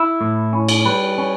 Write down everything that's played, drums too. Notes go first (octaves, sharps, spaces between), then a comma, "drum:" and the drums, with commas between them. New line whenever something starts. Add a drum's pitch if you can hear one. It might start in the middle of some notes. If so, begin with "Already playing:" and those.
Already playing: E4
A2
C#4
drum: cymbal
G3 B4
C#4